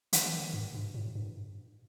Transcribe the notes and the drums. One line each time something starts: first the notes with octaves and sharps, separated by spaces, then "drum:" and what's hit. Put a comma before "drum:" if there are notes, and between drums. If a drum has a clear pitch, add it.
D#3, drum: hi-hat
D#3
G2
G2
A2
G2